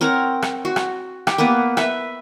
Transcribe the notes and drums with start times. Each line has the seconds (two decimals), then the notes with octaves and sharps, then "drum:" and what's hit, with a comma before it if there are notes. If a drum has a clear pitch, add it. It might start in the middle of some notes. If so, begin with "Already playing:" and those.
0.01 C4 A#4 C#5 F#5
0.42 drum: rim click
0.65 F#4
0.76 drum: rim click
1.27 G4, drum: rim click
1.38 A#3 B3 B4 F#5
1.77 B4 E5, drum: rim click